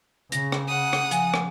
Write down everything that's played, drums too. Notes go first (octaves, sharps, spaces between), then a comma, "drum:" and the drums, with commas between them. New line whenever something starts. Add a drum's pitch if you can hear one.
C#3 A#6, drum: hi-hat
drum: rim click
F#5 D#6
drum: rim click
F3 G#5, drum: hi-hat
drum: rim click